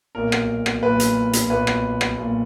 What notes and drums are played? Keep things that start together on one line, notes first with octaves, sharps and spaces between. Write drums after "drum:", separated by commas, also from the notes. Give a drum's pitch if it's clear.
B1 A#2 A#4
drum: rim click
drum: rim click
B1 A#2 B4
drum: hi-hat
drum: hi-hat
B1 A#2 B4
drum: rim click
drum: rim click
B1 A#2